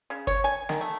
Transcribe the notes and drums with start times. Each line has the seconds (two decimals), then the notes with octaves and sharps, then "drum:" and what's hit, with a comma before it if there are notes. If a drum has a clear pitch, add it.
0.10 C#3
0.27 C#5, drum: kick
0.44 G#5
0.69 D#3, drum: snare
0.81 A3